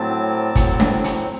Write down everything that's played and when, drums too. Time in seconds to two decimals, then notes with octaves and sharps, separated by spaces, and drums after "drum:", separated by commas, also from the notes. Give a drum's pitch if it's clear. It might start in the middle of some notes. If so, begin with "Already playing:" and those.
Already playing: A2 F#3 C4 A5
0.55 A2 F#3 C4, drum: kick, hi-hat
0.80 drum: snare
1.04 drum: hi-hat